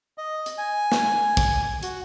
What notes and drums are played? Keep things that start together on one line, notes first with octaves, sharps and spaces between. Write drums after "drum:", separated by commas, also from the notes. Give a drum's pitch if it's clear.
D#5
drum: hi-hat
G#5
drum: snare
drum: kick, hi-hat
F#4, drum: hi-hat